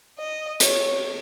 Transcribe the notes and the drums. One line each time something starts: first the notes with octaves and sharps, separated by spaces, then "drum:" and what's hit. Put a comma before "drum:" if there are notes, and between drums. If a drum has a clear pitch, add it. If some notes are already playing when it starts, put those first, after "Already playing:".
D#5
C#5, drum: hi-hat